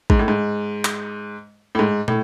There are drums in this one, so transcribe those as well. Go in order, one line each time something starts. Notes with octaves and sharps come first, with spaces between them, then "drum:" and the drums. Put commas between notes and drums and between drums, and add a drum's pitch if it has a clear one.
G#2, drum: kick A1
A2
G#2
drum: clap
A2
G#2
A2, drum: tom